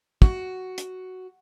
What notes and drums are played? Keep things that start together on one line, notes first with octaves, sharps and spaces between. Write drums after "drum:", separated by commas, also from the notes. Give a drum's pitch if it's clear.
F#4, drum: kick
drum: hi-hat